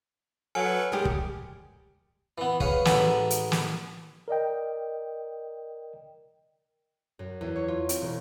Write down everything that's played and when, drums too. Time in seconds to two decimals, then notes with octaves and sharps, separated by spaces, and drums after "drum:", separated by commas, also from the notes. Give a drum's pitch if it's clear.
0.55 F#3 A4 B4 G#5 F6 C#7
0.92 G3 G#3 G4 A#4
1.05 drum: kick
2.38 E3 B3
2.60 G#4 B4 C#5 F5, drum: kick
2.85 A1 G#3 B3 A4 G#5 B5, drum: snare
3.30 drum: hi-hat
3.52 drum: snare
4.28 A#4 D5 D#5 G5
7.19 F#2
7.41 E2
7.56 C#5
7.68 F4
7.89 C4, drum: hi-hat
8.02 E1